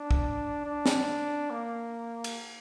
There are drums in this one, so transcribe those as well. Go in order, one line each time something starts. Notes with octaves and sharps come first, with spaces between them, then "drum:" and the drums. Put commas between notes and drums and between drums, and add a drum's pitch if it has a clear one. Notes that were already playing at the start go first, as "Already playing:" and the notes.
Already playing: D4
drum: kick
D4
drum: snare
A#3
drum: cymbal